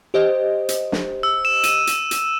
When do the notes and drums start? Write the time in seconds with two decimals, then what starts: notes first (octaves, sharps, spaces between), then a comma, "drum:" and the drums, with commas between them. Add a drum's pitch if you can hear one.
0.14 G4 C5 D#5
0.69 drum: hi-hat
0.92 drum: snare
1.23 E6
1.45 E7
1.63 D#7, drum: hi-hat
1.87 drum: hi-hat
2.11 drum: hi-hat